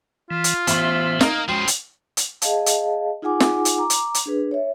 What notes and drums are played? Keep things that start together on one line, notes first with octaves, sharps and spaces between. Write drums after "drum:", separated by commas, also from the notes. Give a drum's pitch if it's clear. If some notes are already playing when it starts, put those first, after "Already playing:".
E3 F4
drum: hi-hat
A1 E3 B3 C5 E5 C6, drum: hi-hat
A#3 D#4 A#4 D#5, drum: snare
C#3 F3 G#3 F#4 G5 C6
drum: hi-hat
drum: hi-hat
G#4 D#5 F5 A5, drum: hi-hat
drum: hi-hat
D#4 F4 G#4 F#5 G#5 D6
drum: snare
drum: hi-hat
A#5 D6
drum: hi-hat
drum: hi-hat
D4 G#4 B4
C#5 E5